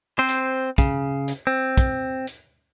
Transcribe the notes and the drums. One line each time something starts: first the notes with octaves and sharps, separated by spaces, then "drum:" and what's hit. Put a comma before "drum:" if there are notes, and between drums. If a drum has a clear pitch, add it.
C4 C5
drum: hi-hat
C#3, drum: kick, hi-hat
drum: hi-hat
C4
drum: kick, hi-hat
drum: hi-hat